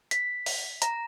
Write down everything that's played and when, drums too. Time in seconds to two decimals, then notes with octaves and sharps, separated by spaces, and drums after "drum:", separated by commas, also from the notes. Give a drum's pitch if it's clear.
0.11 B6, drum: hi-hat
0.46 drum: open hi-hat
0.82 A#5, drum: hi-hat